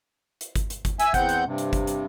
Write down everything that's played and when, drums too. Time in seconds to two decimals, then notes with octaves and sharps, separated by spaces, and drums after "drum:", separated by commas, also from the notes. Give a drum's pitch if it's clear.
0.41 drum: hi-hat
0.56 drum: kick G1, hi-hat
0.70 drum: hi-hat
0.85 drum: kick G1, hi-hat
0.99 E5 G#5 E6, drum: hi-hat
1.14 E2 C4 F#5 G6, drum: kick G1, hi-hat
1.29 drum: hi-hat
1.46 G2 C3
1.58 drum: hi-hat
1.73 drum: kick G1, hi-hat
1.87 drum: hi-hat